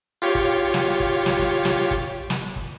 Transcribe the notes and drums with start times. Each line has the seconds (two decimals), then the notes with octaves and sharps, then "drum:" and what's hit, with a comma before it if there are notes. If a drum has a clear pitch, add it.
0.22 F4 G4 C#5
0.35 drum: kick
0.74 drum: snare
1.00 drum: kick
1.26 drum: snare
1.39 drum: kick
1.65 drum: snare
1.91 drum: kick
2.30 drum: snare
2.56 drum: kick